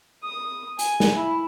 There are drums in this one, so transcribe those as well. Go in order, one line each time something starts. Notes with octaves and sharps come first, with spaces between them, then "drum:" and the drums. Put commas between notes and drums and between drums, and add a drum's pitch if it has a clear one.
D#6
G#5, drum: hi-hat
drum: snare
E4